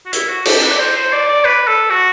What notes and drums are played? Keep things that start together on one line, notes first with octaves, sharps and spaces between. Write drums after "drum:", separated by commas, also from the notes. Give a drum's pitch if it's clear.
F#4
E4, drum: hi-hat
F#4
G4, drum: cymbal
B4
D5
C5
C5
D5
D5
B4
A4
F#4